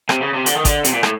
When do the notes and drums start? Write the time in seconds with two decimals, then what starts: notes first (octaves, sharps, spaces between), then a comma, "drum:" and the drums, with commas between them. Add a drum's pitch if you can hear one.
0.09 C3, drum: rim click
0.22 C#3
0.34 C3
0.46 D3, drum: hi-hat
0.56 D#3
0.65 D3, drum: kick, hi-hat
0.84 C3, drum: hi-hat
0.93 A#2
1.03 A2, drum: rim click